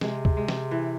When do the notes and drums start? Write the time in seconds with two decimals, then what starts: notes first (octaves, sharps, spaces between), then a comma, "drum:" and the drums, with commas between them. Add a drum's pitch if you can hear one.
0.01 C3 G#3, drum: snare
0.25 drum: kick D2
0.37 G#3
0.48 drum: snare
0.71 E3